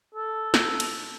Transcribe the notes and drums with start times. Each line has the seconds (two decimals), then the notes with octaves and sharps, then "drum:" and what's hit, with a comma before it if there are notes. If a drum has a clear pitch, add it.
0.15 A4
0.54 drum: snare
0.80 drum: cymbal